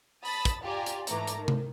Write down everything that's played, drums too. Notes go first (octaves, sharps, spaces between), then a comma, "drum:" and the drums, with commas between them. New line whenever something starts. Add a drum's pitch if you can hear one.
A5 B5 D#6 A6, drum: open hi-hat
drum: kick, hi-hat
F4 G4 D5 G#5 A#5
drum: hi-hat
G#2 E3 A3 A#5 D6, drum: hi-hat
drum: hi-hat
D#3
drum: tom C3